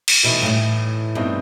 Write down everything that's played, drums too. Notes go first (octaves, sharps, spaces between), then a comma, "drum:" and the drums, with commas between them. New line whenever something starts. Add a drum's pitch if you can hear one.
drum: cymbal
B2 E3 A3 D#4
G2
A2
G2 B2 A3 C4 D#4